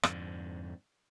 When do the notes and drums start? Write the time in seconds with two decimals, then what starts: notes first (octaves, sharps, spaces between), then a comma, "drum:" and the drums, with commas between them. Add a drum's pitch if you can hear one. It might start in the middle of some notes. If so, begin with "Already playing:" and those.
0.03 F2 G#2 D3, drum: rim click